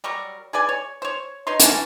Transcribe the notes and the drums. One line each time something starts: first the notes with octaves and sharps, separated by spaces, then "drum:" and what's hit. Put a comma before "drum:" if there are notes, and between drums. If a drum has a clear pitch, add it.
F#3 G3 A#4 C#6
G#4 B4 D5 G#5
C#5
C5 C#5
D#4 B4 C#5 C6
E3 F#3 A3 C#4, drum: hi-hat